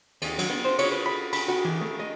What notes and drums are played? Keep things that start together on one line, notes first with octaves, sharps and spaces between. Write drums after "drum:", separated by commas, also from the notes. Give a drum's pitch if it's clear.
D#2, drum: cymbal
F#3, drum: cymbal
B3
C5
C#5, drum: cymbal
B4
B5
B5, drum: cymbal
F#4
E3
A3
D#5